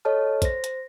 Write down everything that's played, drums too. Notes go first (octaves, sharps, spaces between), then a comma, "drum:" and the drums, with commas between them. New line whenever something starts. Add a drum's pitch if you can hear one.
A4 C#5 D#5 A5 F6
C5 A#6, drum: kick, hi-hat
drum: hi-hat